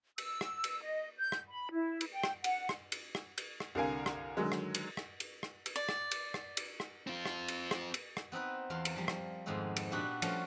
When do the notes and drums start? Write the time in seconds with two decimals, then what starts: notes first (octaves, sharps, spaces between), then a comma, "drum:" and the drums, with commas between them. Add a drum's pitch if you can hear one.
0.18 E6, drum: cymbal
0.41 drum: rim click
0.64 drum: cymbal
0.82 D#5
1.18 G6
1.32 drum: rim click
1.49 B5
1.72 E4
2.01 drum: cymbal
2.12 G5
2.24 drum: rim click
2.44 F#5, drum: cymbal
2.69 drum: rim click
2.92 drum: cymbal
3.15 drum: rim click
3.38 drum: cymbal
3.60 drum: rim click
3.75 C2 D3 A#4 F5 G#5
4.06 drum: rim click
4.37 D3 D#3 F#3 G#3
4.52 drum: rim click
4.75 drum: cymbal
4.97 drum: rim click
5.20 drum: cymbal
5.43 drum: rim click
5.66 drum: cymbal
5.76 D5
5.89 drum: rim click
6.11 drum: cymbal
6.34 drum: rim click
6.57 drum: cymbal
6.80 drum: rim click
7.07 C4 F4
7.25 drum: rim click
7.48 drum: cymbal
7.71 drum: rim click
7.94 drum: cymbal
8.17 drum: rim click
8.32 B3 C4 D#4 B4
8.70 E2 F4 A#4 A5 C6
8.85 drum: cymbal
8.96 F3 G3
9.08 drum: rim click
9.46 F2 G#2 D#3 G#3 B3 C4
9.76 drum: cymbal
9.92 A#2 B3 D4 F#4 G4
10.22 F3 G3 A3 C#4 F4 F#4, drum: cymbal